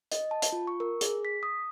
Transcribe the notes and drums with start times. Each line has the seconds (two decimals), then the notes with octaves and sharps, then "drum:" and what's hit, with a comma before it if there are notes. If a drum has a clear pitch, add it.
0.12 D#5, drum: hi-hat
0.31 A5
0.42 drum: hi-hat
0.52 F4
0.67 C#6
0.80 A#4
1.01 G#4, drum: hi-hat
1.25 B6
1.43 D#6